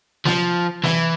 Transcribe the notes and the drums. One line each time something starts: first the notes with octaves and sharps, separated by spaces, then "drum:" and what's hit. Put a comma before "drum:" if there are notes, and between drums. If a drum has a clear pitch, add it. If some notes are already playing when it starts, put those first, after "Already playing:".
F3, drum: snare
E3, drum: snare